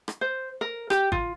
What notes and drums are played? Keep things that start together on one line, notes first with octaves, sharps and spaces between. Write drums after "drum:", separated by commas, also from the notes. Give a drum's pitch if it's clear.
drum: rim click
C5
A#4
G4, drum: rim click
F4, drum: kick G#1